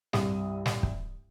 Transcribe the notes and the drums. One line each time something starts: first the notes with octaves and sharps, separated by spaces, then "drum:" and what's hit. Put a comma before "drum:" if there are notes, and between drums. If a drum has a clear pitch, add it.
C2 G2 D#6, drum: snare
drum: snare
drum: kick